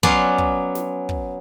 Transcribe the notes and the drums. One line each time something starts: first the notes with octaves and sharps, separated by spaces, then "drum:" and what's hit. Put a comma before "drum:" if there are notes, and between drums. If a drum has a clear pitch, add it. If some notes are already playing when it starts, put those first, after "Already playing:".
F#3 B3 C#4 D5 F5 C6, drum: kick
drum: kick
drum: snare
drum: kick